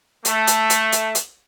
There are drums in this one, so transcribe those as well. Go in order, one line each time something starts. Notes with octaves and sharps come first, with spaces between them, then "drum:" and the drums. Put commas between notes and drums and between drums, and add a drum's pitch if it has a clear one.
A3, drum: hi-hat
drum: hi-hat
drum: hi-hat
drum: hi-hat
drum: hi-hat